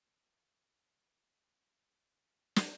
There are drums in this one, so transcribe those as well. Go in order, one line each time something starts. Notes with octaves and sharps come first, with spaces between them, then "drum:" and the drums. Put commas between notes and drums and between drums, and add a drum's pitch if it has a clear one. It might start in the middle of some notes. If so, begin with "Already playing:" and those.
A#3 C4 C#4 D#4 F#4 A4
drum: snare